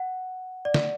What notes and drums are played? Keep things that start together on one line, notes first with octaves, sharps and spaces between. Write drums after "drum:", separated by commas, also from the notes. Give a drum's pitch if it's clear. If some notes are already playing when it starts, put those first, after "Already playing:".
Already playing: F#5
D5
drum: snare